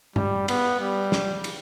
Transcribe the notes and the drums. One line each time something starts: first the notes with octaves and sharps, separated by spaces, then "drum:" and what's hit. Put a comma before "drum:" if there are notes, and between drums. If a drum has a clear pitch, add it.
G3, drum: tom G2
B3, drum: cymbal
G3
drum: snare
drum: cymbal